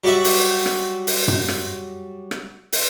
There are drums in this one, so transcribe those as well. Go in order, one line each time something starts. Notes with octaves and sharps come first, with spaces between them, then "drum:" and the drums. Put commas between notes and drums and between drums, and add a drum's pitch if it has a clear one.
F#3 G3 F#4 D5 E5
drum: open hi-hat
drum: rim click
drum: open hi-hat
drum: tom
drum: rim click
drum: rim click
drum: open hi-hat